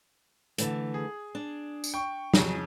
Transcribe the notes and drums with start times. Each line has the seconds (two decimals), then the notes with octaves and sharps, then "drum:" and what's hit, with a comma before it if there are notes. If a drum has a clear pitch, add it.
0.58 D3 E3 A3, drum: hi-hat
0.94 G#4
1.35 D4
1.84 drum: tambourine
1.94 G5 C#6
2.34 F2 C#3 E3 F#3 C#4, drum: snare